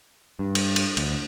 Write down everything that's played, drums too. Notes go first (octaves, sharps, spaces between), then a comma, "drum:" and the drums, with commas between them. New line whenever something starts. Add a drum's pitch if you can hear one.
G2
drum: cymbal
drum: cymbal
D2, drum: cymbal